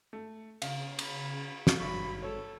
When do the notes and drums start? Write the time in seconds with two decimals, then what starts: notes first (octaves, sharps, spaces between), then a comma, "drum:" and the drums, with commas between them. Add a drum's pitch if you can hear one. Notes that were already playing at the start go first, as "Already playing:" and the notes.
0.13 A3
0.62 C#3 F5, drum: cymbal
0.99 B5, drum: cymbal
1.67 drum: snare
1.80 G#1 G2 F#3 B5 C#6
2.22 A4 C#5